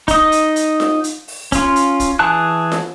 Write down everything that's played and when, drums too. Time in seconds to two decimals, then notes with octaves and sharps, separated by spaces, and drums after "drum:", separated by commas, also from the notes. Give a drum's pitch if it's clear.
0.08 D#4 D#5, drum: kick, hi-hat
0.32 drum: hi-hat
0.56 drum: hi-hat
0.80 drum: snare F4
1.04 drum: hi-hat
1.28 drum: open hi-hat
1.52 C#4 F4, drum: kick, hi-hat
1.76 drum: hi-hat
2.00 drum: kick, hi-hat
2.19 E3 G#4 G#5 A5 F#6
2.72 drum: snare F4